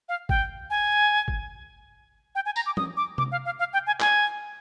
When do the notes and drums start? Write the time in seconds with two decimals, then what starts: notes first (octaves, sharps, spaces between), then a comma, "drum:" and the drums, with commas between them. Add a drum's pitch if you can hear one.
0.09 F5
0.29 G5, drum: kick G#1
0.70 G#5
1.28 drum: kick G#1
2.35 G5
2.46 G#5
2.56 A#5, drum: tambourine
2.66 D6
2.77 D#6, drum: tom F3
2.97 D6
3.18 D6, drum: tom C3
3.32 F5
3.45 F5
3.59 F5
3.73 G5
3.87 G#5
4.00 G#5, drum: clap